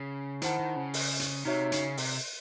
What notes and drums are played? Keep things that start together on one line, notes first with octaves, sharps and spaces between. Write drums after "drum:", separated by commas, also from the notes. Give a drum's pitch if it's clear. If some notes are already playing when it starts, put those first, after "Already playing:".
Already playing: C#3
D#3 E4 C5 F#5 A5, drum: hi-hat
D#3
C#3
drum: open hi-hat
drum: hi-hat
C3 D#4 F#4 C#5 E5
C#3, drum: hi-hat
C3, drum: open hi-hat